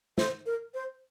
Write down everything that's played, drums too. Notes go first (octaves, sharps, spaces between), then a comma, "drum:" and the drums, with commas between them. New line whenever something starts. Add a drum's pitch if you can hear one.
C5, drum: snare
A#4
C5